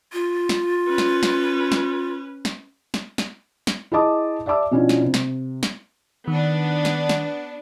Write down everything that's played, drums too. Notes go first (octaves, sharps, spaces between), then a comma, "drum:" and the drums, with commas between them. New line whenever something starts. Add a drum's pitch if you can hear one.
F4
drum: snare
C#4 B4
drum: snare
drum: snare
drum: snare
drum: snare
drum: snare
drum: snare
drum: snare
E4 G#4 D#5 A5 D6 D#6
D5 E5 A5 D6 E6
B2 F3 C#4 D4 E4 F4
drum: snare
C3
drum: snare
drum: snare
D#3 B3 D4
drum: snare
drum: snare